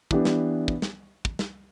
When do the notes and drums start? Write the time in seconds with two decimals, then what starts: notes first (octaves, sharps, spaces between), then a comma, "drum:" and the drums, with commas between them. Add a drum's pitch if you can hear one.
0.11 E3 B3 D4 G4, drum: kick
0.25 drum: snare
0.68 drum: kick
0.82 drum: snare
1.25 drum: kick
1.39 drum: snare